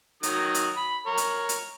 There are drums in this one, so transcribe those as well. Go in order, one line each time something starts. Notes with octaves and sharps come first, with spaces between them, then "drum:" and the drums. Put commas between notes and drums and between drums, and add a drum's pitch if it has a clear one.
D#3 F#3 D#6, drum: hi-hat
drum: hi-hat
B5
A#4 C#5
drum: hi-hat
drum: hi-hat